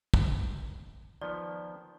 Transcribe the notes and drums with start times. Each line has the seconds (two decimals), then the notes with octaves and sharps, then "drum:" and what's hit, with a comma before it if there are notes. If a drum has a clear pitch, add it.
0.14 drum: kick
1.22 D#3 F3 B3 D5